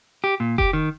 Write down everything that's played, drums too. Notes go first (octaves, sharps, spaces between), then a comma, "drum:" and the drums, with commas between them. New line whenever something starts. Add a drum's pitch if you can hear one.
G4
A#2
G4, drum: kick F1
D#3